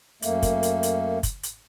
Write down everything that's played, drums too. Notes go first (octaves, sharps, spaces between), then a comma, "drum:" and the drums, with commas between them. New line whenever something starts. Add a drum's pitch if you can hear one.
F#2 A3 A#3, drum: hi-hat
drum: kick, hi-hat
drum: hi-hat
drum: hi-hat
drum: kick, hi-hat
drum: hi-hat